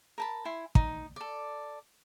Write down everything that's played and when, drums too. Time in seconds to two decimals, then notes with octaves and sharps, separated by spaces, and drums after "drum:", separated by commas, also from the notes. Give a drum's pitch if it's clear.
0.18 A#4 A5 B5
0.45 E4 G#5 C6
0.75 D#4, drum: kick
1.16 A4 D5